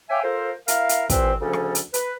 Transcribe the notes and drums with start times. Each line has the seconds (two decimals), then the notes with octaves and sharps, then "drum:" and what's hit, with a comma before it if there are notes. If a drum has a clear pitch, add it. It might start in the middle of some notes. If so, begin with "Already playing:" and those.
0.10 C#5 E5 F5 G5 G#5 D6
0.23 F4 A4 A#4 C5
0.68 E4 A#4 E5 F5, drum: hi-hat
0.89 drum: hi-hat
1.10 C2 A#2 E3 C4 B4 C5, drum: kick, hi-hat
1.41 D2 C#3 F3 C#4 A4
1.53 drum: rim click
1.75 drum: hi-hat
1.94 B4, drum: hi-hat